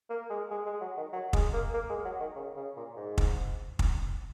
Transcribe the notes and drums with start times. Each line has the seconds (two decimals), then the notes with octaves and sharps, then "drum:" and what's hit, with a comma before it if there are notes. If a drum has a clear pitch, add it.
0.10 A#3
0.30 G#3
0.51 G#3
0.66 G#3
0.81 F#3
0.97 D#3
1.13 F#3
1.33 G#3, drum: kick
1.53 A#3
1.74 A#3
1.90 G#3
2.05 F#3
2.20 D#3
2.36 C#3
2.56 C#3
2.77 A#2
2.97 G#2
3.18 drum: kick
3.79 drum: kick